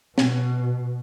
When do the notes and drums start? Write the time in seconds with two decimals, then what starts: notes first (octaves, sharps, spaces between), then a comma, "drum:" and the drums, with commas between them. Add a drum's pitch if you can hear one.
0.18 B2, drum: snare